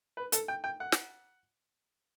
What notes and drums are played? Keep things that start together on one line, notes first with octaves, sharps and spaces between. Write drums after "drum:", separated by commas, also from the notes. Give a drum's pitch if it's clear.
B4
A4, drum: hi-hat
G5
G5
F#5
drum: snare